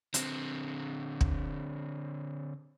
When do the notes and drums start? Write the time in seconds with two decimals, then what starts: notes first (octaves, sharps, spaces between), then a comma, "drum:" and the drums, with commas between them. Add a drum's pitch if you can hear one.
0.14 D3 C4, drum: hi-hat
1.21 drum: kick